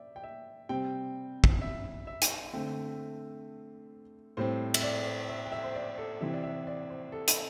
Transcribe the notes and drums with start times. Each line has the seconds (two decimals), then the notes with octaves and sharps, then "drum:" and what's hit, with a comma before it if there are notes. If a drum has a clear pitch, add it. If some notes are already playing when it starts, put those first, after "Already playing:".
Already playing: D5 E5 G5
0.16 G5
0.24 E5
0.69 C3 G3 C4 G5
1.44 drum: kick
1.61 E5
2.07 E5
2.22 drum: hi-hat
2.53 D3 A3 C4
4.37 A2 G3 C4 C5
4.74 E5, drum: cymbal
4.83 D5
5.29 E5
5.46 G5
5.52 E5
5.63 C5
5.75 D5
5.98 A4
6.20 C3 E3 C4 E5
6.33 D5
6.44 E5
6.67 D5
6.90 C5
7.12 A4
7.28 drum: hi-hat